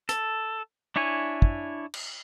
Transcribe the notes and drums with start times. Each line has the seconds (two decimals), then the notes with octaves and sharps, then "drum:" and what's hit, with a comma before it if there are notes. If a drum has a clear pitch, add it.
0.09 A4, drum: hi-hat
0.96 D4 E4 C#5 G#5
1.42 drum: kick
1.94 drum: cymbal